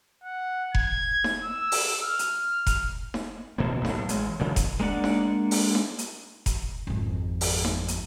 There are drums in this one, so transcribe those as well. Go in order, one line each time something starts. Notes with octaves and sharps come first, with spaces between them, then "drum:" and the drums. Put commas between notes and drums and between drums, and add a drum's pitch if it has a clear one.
F#5
G#6, drum: kick F1
drum: snare D#4
E6
drum: open hi-hat
F6
drum: hi-hat
drum: kick F1, hi-hat
drum: snare D#4
D1 B2 A#3
B1 A2, drum: snare D#4
A1 G#3, drum: hi-hat
C#3 E3 F#3
drum: kick F1, hi-hat
G#3 A#3 D4 D5 F#5
drum: snare D#4
drum: open hi-hat
drum: snare D#4
drum: hi-hat
drum: kick F1, hi-hat
G#1 F2
drum: open hi-hat
drum: snare D#4
drum: hi-hat